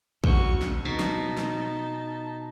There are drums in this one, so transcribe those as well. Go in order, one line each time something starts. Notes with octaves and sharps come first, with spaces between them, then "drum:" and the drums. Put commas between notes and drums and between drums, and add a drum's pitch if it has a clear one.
D2 F#4 C#6, drum: kick
drum: snare
B2 D#4 A5
drum: snare
drum: snare